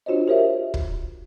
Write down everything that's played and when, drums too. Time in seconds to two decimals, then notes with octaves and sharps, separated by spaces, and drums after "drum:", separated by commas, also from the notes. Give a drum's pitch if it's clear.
0.06 D4 F4 F#4 C5 C#5 D#5
0.28 G4 A#4 C5 C#5 D#5 E5
0.74 drum: kick